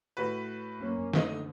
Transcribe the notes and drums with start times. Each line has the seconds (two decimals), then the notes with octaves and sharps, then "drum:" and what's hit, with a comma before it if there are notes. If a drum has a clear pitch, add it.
0.17 A2 F#4 B4
0.79 F#2 A#3 C#4
1.14 D3 A3 D#4 D#5, drum: snare